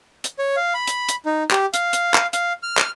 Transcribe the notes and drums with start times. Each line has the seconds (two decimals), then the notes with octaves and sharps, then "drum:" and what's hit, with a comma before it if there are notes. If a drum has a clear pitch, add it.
0.24 drum: hi-hat
0.39 C#5
0.56 F5
0.74 B5
0.87 drum: hi-hat
1.09 drum: hi-hat
1.26 D#4
1.51 G4, drum: clap
1.74 F5, drum: hi-hat
1.93 drum: hi-hat
2.14 drum: clap
2.33 F5, drum: hi-hat
2.63 F6
2.78 drum: clap